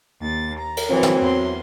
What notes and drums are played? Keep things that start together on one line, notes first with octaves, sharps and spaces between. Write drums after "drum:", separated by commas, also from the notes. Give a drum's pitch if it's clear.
D#2 A6
A#5
drum: cymbal
E3 F#3 B3 C4
drum: snare
E2 C6